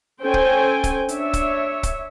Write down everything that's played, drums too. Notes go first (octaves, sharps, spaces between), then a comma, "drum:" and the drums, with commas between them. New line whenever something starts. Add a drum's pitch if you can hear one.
C#4 A4 C5 G5 G#5
drum: kick
drum: kick, hi-hat
D4 C#5 E5, drum: hi-hat
drum: kick, hi-hat
drum: kick, hi-hat